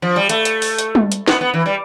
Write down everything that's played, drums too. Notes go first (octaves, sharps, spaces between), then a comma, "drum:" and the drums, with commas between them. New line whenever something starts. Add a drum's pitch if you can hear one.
F3
G3
A3, drum: hi-hat
drum: hi-hat
drum: open hi-hat
drum: hi-hat
drum: tom G3
drum: hi-hat
B3, drum: snare
B3
E3
G3